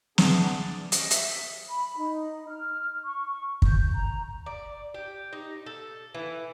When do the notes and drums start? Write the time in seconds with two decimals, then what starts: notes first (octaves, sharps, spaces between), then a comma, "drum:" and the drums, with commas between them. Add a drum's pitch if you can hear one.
0.18 E3 B3 D4 G#4, drum: snare
0.59 D5
0.92 C#4 D#5 D6, drum: hi-hat
1.11 E5, drum: hi-hat
1.69 B5
1.97 D#4
2.49 F6
3.05 C#6
3.62 G6, drum: kick
3.95 A#5
4.46 D5
4.94 G4
5.33 D#4
5.66 A4
6.14 E3